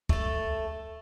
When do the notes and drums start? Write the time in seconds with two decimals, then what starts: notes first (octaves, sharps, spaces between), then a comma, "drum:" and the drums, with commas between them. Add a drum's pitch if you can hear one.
0.09 A3 A4, drum: kick